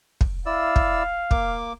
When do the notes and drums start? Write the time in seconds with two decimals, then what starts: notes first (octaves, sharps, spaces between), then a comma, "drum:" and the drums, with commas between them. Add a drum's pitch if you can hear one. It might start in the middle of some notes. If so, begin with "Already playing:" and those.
0.21 drum: kick
0.46 E4 D5 F5 E6
0.76 drum: kick
1.31 A#3 D6, drum: kick